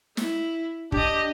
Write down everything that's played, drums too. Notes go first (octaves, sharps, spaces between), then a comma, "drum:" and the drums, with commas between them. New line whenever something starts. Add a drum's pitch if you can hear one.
E4, drum: snare
D4 G4 D#5, drum: kick